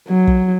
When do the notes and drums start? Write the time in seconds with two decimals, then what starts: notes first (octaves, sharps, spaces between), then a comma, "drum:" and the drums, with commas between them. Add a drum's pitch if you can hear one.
0.09 F#3
0.27 drum: kick